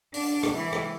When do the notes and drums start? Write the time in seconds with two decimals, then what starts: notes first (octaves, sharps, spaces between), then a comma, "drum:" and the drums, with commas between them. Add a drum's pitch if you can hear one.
0.14 D4, drum: open hi-hat
0.43 drum: rim click
0.55 E3
0.73 drum: rim click